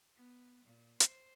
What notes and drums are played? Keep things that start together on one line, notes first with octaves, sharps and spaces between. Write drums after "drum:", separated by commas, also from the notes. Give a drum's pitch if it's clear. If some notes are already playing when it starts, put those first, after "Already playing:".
B3
A#2
C5, drum: hi-hat